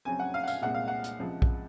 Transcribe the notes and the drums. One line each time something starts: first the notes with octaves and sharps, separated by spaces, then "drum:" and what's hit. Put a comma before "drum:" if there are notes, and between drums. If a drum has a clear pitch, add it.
F2 C#3 F#3 C4 G#5
F#5
F5
F#5
F5, drum: tambourine
C2 A#2 G#3 C4 F#5
F5
F#5
drum: hi-hat
C#2 C3 F3 G#3
drum: kick A#1